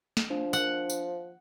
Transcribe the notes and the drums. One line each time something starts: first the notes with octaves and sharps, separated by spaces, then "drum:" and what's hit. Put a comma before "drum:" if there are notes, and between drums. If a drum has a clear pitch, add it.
drum: snare
F3 D4
F#5, drum: tambourine
drum: tambourine